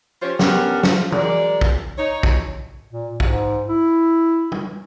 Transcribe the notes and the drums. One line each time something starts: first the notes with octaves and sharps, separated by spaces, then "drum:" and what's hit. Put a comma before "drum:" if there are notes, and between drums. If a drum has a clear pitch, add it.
F3 C#4 F4 G4 C5 C#5
B3 C#4 D4 F#4 G4 A#4, drum: snare
F3, drum: snare
F#3 G#3 A#4 D5, drum: tom
drum: kick
D#4 C#5
drum: kick
A#2
G#2, drum: kick
E4
drum: tom